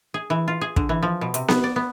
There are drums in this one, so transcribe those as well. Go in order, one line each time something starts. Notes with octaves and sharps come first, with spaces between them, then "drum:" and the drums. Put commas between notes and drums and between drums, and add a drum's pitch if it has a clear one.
G#4
E3
F4
G#4
D3, drum: kick
E3
F3
B2
C3, drum: hi-hat
B3, drum: snare B3
D5
B3